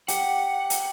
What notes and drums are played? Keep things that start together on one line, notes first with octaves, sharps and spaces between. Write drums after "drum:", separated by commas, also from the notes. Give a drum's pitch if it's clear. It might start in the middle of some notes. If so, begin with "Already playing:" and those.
G4 F#5, drum: hi-hat
drum: hi-hat